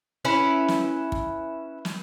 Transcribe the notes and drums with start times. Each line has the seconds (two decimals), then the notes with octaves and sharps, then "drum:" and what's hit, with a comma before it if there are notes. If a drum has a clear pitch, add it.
0.25 C#4 E4 B4
0.68 drum: snare
1.12 drum: kick
1.85 drum: snare